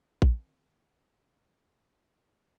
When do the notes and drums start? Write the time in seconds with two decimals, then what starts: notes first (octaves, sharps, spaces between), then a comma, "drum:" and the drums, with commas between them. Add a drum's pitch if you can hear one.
0.22 D3 D#3 C4 F5, drum: kick A#1